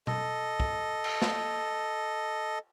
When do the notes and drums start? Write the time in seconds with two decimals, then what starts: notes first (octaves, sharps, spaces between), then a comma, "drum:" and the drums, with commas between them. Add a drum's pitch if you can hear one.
0.07 A4 D#5, drum: tom B2
0.60 drum: kick
1.04 drum: cymbal
1.22 drum: snare